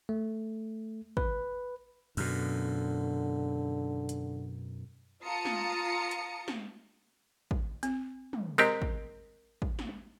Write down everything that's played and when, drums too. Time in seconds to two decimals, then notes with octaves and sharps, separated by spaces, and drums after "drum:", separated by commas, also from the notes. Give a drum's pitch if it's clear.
0.09 A3
1.17 B4, drum: kick
2.17 F#2 B2 D3, drum: cymbal
4.09 drum: hi-hat
5.23 F4 A5 A#5 D#6 C#7
5.45 drum: snare
6.11 drum: hi-hat
6.48 drum: snare
7.51 drum: kick
7.83 C4, drum: hi-hat
8.33 drum: tom
8.58 G#3 C4 G4 A#4 D#5 A#5, drum: tambourine
8.82 drum: kick
9.62 drum: kick
9.79 drum: snare